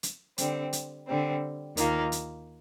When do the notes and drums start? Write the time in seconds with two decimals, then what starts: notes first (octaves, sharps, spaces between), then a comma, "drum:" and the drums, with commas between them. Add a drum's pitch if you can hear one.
0.03 drum: hi-hat
0.38 D3 G3 C4, drum: hi-hat
0.73 drum: hi-hat
1.07 D3 G3 C4
1.77 D#2 D#3 A#3 F4, drum: hi-hat
2.12 drum: hi-hat